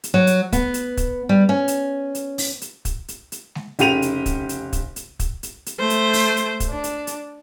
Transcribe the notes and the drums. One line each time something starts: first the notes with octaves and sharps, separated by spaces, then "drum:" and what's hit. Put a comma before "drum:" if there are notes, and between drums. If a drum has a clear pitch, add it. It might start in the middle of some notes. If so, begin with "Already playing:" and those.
drum: hi-hat
F#3
drum: hi-hat
B3, drum: kick, hi-hat
drum: hi-hat
drum: kick, hi-hat
G3
C#4
drum: hi-hat
drum: hi-hat
drum: open hi-hat
drum: hi-hat
drum: kick, hi-hat
drum: hi-hat
drum: hi-hat
drum: snare G#3
F1 C#3 G4 F#5 D#7 F7, drum: hi-hat
drum: hi-hat
drum: kick, hi-hat
drum: hi-hat
drum: kick, hi-hat
drum: hi-hat
drum: kick, hi-hat
drum: hi-hat
drum: hi-hat
A3 C5
drum: hi-hat
drum: open hi-hat
drum: hi-hat
drum: kick, hi-hat
D4
drum: hi-hat
drum: hi-hat